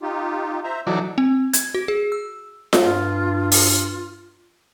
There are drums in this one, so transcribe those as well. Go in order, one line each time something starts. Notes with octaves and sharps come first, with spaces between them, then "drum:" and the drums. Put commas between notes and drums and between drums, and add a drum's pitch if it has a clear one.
D#4 F4 G4
C5 E5 A#5
E3 F#3 D#4 A4 D5
C4
G#6, drum: hi-hat
F#4
G#4
E6
drum: snare F4
G2 F4
drum: open hi-hat